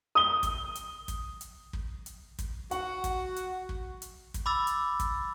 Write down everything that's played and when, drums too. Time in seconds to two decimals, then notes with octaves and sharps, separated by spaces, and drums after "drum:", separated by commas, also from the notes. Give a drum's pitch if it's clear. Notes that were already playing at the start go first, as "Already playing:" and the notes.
0.15 D#6 G7
0.43 drum: kick, hi-hat
0.75 drum: hi-hat
1.08 drum: kick, hi-hat
1.41 drum: hi-hat
1.73 drum: kick
2.06 drum: hi-hat
2.39 drum: kick, hi-hat
2.71 F#4 F#5, drum: hi-hat
3.04 drum: kick, hi-hat
3.36 drum: hi-hat
3.69 drum: kick
4.02 drum: hi-hat
4.34 drum: kick, hi-hat
4.46 B5 D6 E6 A6
4.67 drum: hi-hat
5.00 drum: kick, hi-hat